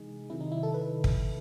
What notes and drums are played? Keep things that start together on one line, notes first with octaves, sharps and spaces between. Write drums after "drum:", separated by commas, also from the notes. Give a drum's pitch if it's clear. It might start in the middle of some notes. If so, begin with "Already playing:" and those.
Already playing: C3 E3 G#3 D#4 G#4
C3 D#3 F#3 E4
D#4
E4
A4
B4
drum: kick